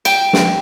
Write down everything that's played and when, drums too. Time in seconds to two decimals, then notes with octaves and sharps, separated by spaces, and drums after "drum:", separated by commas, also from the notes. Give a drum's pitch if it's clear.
0.05 G5, drum: cymbal
0.33 drum: snare